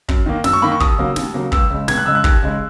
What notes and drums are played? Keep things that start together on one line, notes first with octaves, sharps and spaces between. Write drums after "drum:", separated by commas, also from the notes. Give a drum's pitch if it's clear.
F#2, drum: kick
D#3 A#3
F#2 E6, drum: snare
C#6
D#3 A#3 B5
C#6
D#2 D#6, drum: kick
C#3 F#3 A#3
D#2, drum: snare
C#3 F#3 A#3
C#2 E6, drum: kick
C#3 G#3
C#2 G#6, drum: snare
F#6
C#3 G#3 E6
F#6
D#2, drum: kick
C#3 G#3